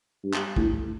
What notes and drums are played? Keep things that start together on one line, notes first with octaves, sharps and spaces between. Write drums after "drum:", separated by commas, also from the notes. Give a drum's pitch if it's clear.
G2
drum: clap
A2, drum: kick